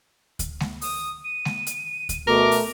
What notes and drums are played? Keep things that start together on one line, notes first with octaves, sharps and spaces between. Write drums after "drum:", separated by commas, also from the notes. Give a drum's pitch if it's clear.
drum: kick D2, hi-hat
drum: snare G#3
D#6, drum: open hi-hat
D#7
drum: snare G#3
drum: hi-hat
drum: kick D2, hi-hat
B2 A3 A#4 D6
drum: open hi-hat